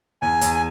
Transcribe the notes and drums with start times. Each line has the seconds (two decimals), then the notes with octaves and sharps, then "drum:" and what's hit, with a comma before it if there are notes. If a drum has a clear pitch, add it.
0.22 E2 G#5
0.41 E2, drum: hi-hat
0.55 G#5